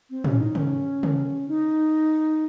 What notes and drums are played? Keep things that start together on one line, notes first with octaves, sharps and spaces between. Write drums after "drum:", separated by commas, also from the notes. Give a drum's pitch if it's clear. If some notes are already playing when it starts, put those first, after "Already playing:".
C4
C#4, drum: tom
D#4
C#4, drum: tom
drum: tom
D#4